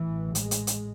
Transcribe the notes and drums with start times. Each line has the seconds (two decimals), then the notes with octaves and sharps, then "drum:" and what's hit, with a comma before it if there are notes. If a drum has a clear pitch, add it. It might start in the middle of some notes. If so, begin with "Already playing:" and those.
Already playing: A1 A2 E3
0.35 G#3, drum: hi-hat
0.51 drum: hi-hat
0.67 drum: hi-hat